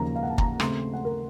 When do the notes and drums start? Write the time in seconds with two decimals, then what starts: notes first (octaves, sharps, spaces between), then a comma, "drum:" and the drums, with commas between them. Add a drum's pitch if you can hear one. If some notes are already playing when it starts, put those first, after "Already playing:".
Already playing: D#2 C#3 F3 A#3 C#4 A#5
0.15 F5
0.23 F#5
0.30 A5
0.38 A#5, drum: kick
0.60 C#3 A3 C4 C6, drum: rim click
0.93 F#5
1.05 A#4